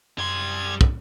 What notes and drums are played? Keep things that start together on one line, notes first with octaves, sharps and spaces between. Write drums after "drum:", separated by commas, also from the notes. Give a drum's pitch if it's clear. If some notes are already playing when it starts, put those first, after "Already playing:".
F#2 G3 C6 G#6
drum: kick